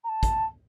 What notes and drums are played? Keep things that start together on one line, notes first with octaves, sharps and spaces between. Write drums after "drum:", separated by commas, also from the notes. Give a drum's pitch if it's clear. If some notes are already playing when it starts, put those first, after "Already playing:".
A#5
A5
drum: kick, hi-hat